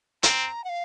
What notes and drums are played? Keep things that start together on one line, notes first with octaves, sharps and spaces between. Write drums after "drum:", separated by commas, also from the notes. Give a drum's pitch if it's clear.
C4 A#5, drum: hi-hat
F#5
F5